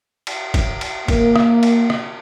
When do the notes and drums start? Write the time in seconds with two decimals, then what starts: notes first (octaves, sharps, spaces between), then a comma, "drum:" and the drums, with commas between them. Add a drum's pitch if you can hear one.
0.27 drum: cymbal
0.54 drum: kick, cymbal
0.81 drum: cymbal
1.08 A#3, drum: kick, cymbal
1.36 drum: rim click
1.63 drum: cymbal
1.90 drum: rim click